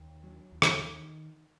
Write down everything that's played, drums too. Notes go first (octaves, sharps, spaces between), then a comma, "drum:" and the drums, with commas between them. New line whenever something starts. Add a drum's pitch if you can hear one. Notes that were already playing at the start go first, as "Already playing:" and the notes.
Already playing: D#2
F#3
D#2
drum: rim click
D#3